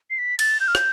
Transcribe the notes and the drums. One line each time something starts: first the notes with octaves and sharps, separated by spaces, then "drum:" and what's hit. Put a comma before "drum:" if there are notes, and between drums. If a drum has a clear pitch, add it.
C7
B6
A6, drum: cymbal
G6
F6
G6, drum: rim click